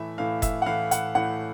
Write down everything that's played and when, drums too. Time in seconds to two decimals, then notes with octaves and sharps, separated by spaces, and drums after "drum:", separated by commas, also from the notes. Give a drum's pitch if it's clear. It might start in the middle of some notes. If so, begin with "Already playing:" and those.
Already playing: A2 E3 A3 E5
0.18 A2 E3 A3 F5
0.42 E5, drum: kick F1, hi-hat
0.62 F#5
0.66 A2 E3 A3 F5
0.91 F#5, drum: hi-hat
1.15 A2 E3 A3 F#5